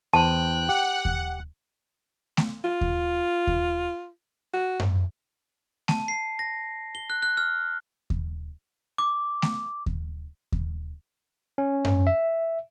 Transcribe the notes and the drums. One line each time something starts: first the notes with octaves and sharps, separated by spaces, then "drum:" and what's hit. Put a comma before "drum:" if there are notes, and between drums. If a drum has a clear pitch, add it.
E2 C5 G5 A5 F#6
G4 F#5
drum: kick D#2
drum: snare A3
F4
drum: kick D#2
drum: kick D#2
F#4
drum: tom F#2
A5, drum: snare A3
C7
A#6
G7
F#6
F#6
F6
drum: kick D#2
D6
drum: snare A3
drum: kick D#2
drum: kick D#2
C#4
drum: tom F#2
E5